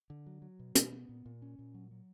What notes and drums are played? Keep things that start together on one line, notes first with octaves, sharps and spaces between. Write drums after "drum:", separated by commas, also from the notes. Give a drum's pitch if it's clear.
D3
F#3
F#3
B2
B2, drum: hi-hat
B3
A#2
A#2
C#4
A#2
F#3
F#3